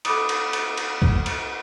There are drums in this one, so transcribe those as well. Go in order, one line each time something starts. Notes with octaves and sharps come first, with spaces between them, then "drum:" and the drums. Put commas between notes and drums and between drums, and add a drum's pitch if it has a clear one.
A4 B5 D6 D#6, drum: cymbal
drum: cymbal
drum: cymbal
drum: cymbal
drum: kick
drum: cymbal